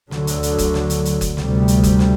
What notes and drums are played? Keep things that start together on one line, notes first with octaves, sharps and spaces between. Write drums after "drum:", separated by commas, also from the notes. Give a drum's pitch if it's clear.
D2 D3 F#3, drum: snare
drum: hi-hat
drum: hi-hat
drum: kick F#1, hi-hat
drum: snare
drum: hi-hat
drum: hi-hat
drum: kick F#1, hi-hat
D2 C3 G3, drum: snare
drum: hi-hat
drum: kick F#1, hi-hat
drum: snare